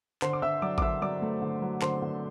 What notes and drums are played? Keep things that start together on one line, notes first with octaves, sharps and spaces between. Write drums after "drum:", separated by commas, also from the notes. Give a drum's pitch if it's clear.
D3 C5 C6, drum: clap
D6
D3 E5 E6
F#3 D5 D6
D6, drum: kick A1
D3 E5 E6
F#3 D5 D6
A3
D3
F#3
D3 C5 C6, drum: clap
D3